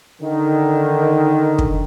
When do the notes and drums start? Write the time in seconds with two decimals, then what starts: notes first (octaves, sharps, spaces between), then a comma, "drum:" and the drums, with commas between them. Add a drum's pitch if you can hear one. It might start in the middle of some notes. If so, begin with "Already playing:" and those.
0.22 D3 D#3
1.59 drum: kick